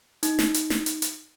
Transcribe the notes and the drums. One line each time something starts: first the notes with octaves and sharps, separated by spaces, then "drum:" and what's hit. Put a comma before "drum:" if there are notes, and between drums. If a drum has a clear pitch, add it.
D#4, drum: hi-hat
drum: snare
drum: hi-hat
drum: snare
drum: hi-hat
drum: hi-hat